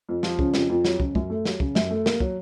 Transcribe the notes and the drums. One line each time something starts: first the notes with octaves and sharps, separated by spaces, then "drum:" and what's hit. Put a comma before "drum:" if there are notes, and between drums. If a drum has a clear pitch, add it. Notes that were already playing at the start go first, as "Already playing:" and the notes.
F2
F3, drum: snare
C#3, drum: kick
F2, drum: snare
F2
F#3, drum: snare
C#3, drum: kick
F#2, drum: kick
A3
F#3, drum: snare
C#3, drum: kick
F#2, drum: snare
A3
A#3, drum: snare
F#3, drum: kick